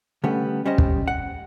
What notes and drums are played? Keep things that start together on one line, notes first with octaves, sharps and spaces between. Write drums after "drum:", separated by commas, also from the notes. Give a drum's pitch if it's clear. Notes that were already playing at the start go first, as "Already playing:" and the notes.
D3 G3 A3 B3 C#4
G3 C#4 C5 D#5
drum: kick
F#5